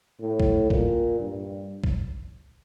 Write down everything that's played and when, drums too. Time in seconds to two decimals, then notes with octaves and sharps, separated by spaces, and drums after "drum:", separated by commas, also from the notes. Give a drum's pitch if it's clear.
0.20 A2
0.40 drum: kick
0.70 A#2, drum: kick
1.20 G2
1.84 drum: kick